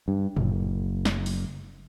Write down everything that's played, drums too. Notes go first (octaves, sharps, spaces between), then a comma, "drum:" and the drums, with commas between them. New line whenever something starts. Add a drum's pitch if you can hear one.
G2
F#1, drum: tom A2
drum: snare
drum: open hi-hat